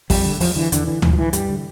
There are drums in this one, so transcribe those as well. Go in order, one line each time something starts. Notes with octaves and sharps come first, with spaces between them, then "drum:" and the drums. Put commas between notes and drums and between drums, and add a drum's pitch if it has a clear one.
F2 G3, drum: kick A1, open hi-hat
D3
E2 F3, drum: open hi-hat
D3 E3
E2 D3, drum: hi-hat
D3 E3
G2 E3, drum: tom D2
F3
D3 E3
G2 G3, drum: hi-hat
D3